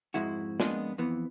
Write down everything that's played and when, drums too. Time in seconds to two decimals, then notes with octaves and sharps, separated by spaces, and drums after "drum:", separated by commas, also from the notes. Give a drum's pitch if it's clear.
0.14 F2 G#2 G#3 E4 F#4
0.60 F2 G#3 A#3 B3 D4 D#5, drum: snare
0.98 F2 E3 B3